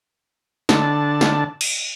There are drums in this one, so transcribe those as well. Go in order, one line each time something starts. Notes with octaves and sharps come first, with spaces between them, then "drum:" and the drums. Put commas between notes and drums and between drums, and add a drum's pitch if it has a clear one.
D3 A5, drum: snare
drum: snare
drum: cymbal